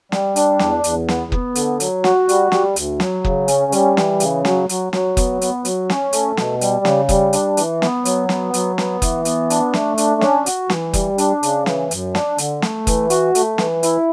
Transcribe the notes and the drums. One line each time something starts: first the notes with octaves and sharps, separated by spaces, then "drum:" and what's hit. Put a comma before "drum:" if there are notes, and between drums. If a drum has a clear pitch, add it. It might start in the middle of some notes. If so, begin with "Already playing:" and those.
G3, drum: snare
D4, drum: hi-hat
E2, drum: snare
E2, drum: hi-hat
B3, drum: snare
B3, drum: kick
D3, drum: hi-hat
F#3, drum: hi-hat
F#4, drum: snare
G3, drum: hi-hat
G3, drum: snare
D2, drum: hi-hat
F#3, drum: snare
C#3, drum: kick
C#4, drum: hi-hat
G3, drum: hi-hat
E3, drum: snare
C#3, drum: hi-hat
F#3, drum: snare
F#3, drum: hi-hat
F#3, drum: snare
B3, drum: kick, hi-hat
B3, drum: hi-hat
F#3, drum: hi-hat
C#4, drum: snare
A3, drum: hi-hat
B2, drum: snare
G3, drum: hi-hat
C#3, drum: snare
G3, drum: kick, hi-hat
D4, drum: hi-hat
E3, drum: hi-hat
B3, drum: snare
F#3, drum: hi-hat
B3, drum: snare
F#3, drum: hi-hat
B3, drum: snare
E3, drum: kick, hi-hat
B3, drum: hi-hat
D4, drum: hi-hat
A3, drum: snare
D4, drum: hi-hat
C#4, drum: snare
F#4, drum: hi-hat
E3, drum: snare
G3, drum: kick, hi-hat
D4, drum: hi-hat
C#3, drum: hi-hat
E3, drum: snare
F#2, drum: hi-hat
D4, drum: snare
D3, drum: hi-hat
A3, drum: snare
E3, drum: kick, hi-hat
F#4, drum: hi-hat
A3, drum: hi-hat
E3, drum: snare
E4, drum: hi-hat